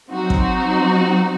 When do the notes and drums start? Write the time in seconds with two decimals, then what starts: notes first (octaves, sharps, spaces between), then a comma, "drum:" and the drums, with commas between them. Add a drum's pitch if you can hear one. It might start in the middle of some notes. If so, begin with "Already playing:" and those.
0.11 F#3 C4 D#4 F#4
0.30 drum: kick